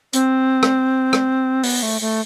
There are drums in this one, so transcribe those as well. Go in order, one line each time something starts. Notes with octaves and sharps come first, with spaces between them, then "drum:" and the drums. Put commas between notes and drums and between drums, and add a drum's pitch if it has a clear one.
C4, drum: hi-hat
drum: rim click
drum: rim click
B3, drum: open hi-hat
A3
A3